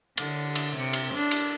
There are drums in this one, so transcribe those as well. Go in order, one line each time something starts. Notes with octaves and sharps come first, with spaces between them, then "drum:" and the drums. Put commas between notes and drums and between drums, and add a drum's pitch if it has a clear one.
D3, drum: cymbal
drum: cymbal
C3
drum: cymbal
D4
drum: cymbal